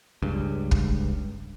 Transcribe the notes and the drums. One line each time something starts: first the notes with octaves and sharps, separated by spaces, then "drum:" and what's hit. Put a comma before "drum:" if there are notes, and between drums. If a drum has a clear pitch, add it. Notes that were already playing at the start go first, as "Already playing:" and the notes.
C#2 G2
drum: kick